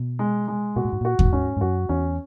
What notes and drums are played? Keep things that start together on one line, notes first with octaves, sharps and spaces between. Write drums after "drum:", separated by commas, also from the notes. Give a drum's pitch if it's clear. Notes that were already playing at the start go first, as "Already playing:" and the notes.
Already playing: B2
G#3
G#3
B2 F#4
A#2
G#2
A#2 F#4
G#2, drum: kick D#2
C#4
G#2
F#2 F#4
E2 C#4